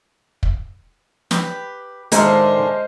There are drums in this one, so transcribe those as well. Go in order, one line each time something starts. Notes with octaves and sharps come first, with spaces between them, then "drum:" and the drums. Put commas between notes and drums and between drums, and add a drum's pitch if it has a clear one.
drum: kick
G4 B4, drum: snare
A2 D#3 G#3 D4 A#4 C5 F5, drum: hi-hat